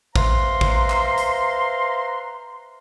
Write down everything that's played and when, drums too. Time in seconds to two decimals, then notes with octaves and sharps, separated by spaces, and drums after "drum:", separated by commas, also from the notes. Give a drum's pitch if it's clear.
0.16 B4 C5 E5 F5 A#5 C6, drum: kick
0.61 drum: kick
0.90 drum: clap
1.18 drum: hi-hat